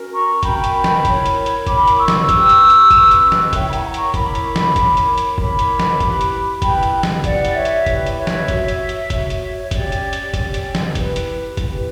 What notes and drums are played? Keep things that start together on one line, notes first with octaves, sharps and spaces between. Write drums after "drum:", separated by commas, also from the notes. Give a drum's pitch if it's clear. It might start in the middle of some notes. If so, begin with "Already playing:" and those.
Already playing: C#4 F#4 A#4
A#5 C#6
C#4 F#4 A#4 G5 B5, drum: kick, hi-hat
drum: hi-hat
drum: snare
E4 A#4 C#5, drum: kick, hi-hat
drum: hi-hat
drum: hi-hat
E4 A#4 C#5 B5 D6, drum: kick, hi-hat
drum: hi-hat
C#6 E6
drum: snare
C#4 G4 B4, drum: kick, hi-hat
drum: hi-hat
drum: hi-hat
C#4 G4 B4, drum: kick, hi-hat
drum: hi-hat
drum: snare
E4 A#4 C#5 E5 G5, drum: kick, hi-hat
B5
F#5 A#5, drum: hi-hat
A#5 C#6, drum: hi-hat
E4 A#4 C#5 B5 D6, drum: kick, hi-hat
drum: hi-hat
drum: snare
E4 A#4 C#5, drum: kick, hi-hat
drum: hi-hat
drum: hi-hat
E4 A#4 C#5 B5 D6, drum: kick
drum: hi-hat
drum: snare
E4 G4 B4, drum: kick, hi-hat
drum: hi-hat
E4 G4 B4 G5 B5, drum: kick, hi-hat
drum: hi-hat
drum: snare
E4 G4 B4 D5 F#5, drum: kick, hi-hat
drum: hi-hat
C#5 E5
drum: hi-hat
E4 G4 B4, drum: kick, hi-hat
drum: hi-hat
C#5 E5
drum: snare
F#4 C#5, drum: kick, hi-hat
drum: hi-hat
drum: hi-hat
F#4 C#5, drum: kick, hi-hat
drum: hi-hat
C#5
C#4 G4 C#5 D5, drum: kick, hi-hat
drum: hi-hat
drum: hi-hat
C#4 G4 C#5, drum: kick, hi-hat
drum: hi-hat
drum: snare
E4 G4 B4, drum: kick, hi-hat
drum: hi-hat
E4 G4 B4, drum: kick, hi-hat